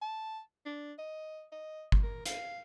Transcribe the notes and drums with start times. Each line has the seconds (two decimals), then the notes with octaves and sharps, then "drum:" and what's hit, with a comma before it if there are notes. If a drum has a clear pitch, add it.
0.02 A5
0.66 D4
0.98 D#5
1.52 D#5
1.92 drum: kick G1
2.03 A#4
2.26 F5, drum: hi-hat